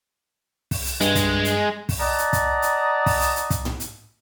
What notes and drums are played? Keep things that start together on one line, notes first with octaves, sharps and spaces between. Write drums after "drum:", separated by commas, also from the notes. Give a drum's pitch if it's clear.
drum: kick, open hi-hat
drum: hi-hat
G2 G#3, drum: hi-hat
drum: kick, hi-hat
drum: hi-hat
drum: kick, open hi-hat
D5 D#5 F#5 A5 A#5 D#6
drum: hi-hat
drum: kick, hi-hat
drum: hi-hat
drum: kick, open hi-hat
drum: hi-hat
drum: hi-hat
drum: kick, hi-hat
drum: tom
drum: hi-hat